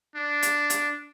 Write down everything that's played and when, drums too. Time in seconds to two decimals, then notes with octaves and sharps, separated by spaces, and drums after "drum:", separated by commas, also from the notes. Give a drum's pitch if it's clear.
0.15 D4
0.43 drum: hi-hat
0.70 drum: hi-hat